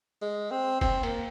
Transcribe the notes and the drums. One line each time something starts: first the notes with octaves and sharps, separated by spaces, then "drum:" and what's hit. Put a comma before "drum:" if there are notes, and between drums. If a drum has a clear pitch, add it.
G#3
C4
C4, drum: kick, cymbal
A#3, drum: cymbal